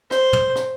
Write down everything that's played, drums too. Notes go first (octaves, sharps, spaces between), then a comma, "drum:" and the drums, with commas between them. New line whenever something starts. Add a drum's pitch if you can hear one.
C5, drum: rim click
drum: tom
drum: rim click